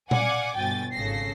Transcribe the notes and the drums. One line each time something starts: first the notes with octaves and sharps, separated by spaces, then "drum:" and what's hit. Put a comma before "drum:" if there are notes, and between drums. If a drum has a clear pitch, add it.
D5 F5 F#5 G#5 D6 G#6, drum: tom A#2
G1 B2 G5 G#5 A6
G#1 C#3 A4 A#6 C7